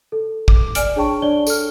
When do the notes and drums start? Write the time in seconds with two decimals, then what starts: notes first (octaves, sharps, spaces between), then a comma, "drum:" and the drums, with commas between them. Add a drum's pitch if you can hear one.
0.12 A4
0.48 D6, drum: kick
0.75 D5 G#5 F6 D7, drum: hi-hat
0.96 D4 G#4 C#5 G5 A5 C#6
1.22 D4 C#5 D5 G7
1.47 A4 F6, drum: tambourine